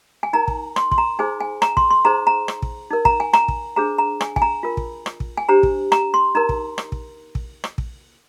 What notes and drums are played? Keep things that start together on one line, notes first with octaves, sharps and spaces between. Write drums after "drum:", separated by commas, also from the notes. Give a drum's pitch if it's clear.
G#5
D#4 A#4 A#5
drum: kick
C6, drum: rim click
C6, drum: kick
A#5
D#4 G#4 C5 G#5
G#5
A#5, drum: rim click
C6, drum: kick
C6
D#4 G#4 C5 A#5
A#5
drum: rim click
drum: kick
D#4 A#4
A#5, drum: kick
G#5
A#5, drum: rim click
drum: kick
D4 G#4 C5 A#5
A#5
G#5, drum: rim click
G#5, drum: kick
A#5
F4 A#4
drum: kick
drum: rim click
drum: kick
G#5
D4 G4 C5 A#5
drum: kick
A#5, drum: rim click
C6
D#4 A#4 A#5
drum: kick
drum: rim click
drum: kick
drum: kick
drum: rim click
drum: kick